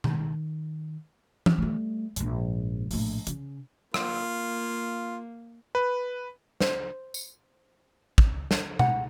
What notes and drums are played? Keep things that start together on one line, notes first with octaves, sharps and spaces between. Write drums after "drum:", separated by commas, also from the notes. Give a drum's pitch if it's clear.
D#3, drum: tom B2
drum: tom E3
G3 A3
A#1 G#2, drum: hi-hat
A#1 A2, drum: open hi-hat
C#3, drum: hi-hat
A#3 F4, drum: rim click
B4
C5, drum: snare
drum: tambourine
drum: kick
drum: snare
F#5, drum: tom B2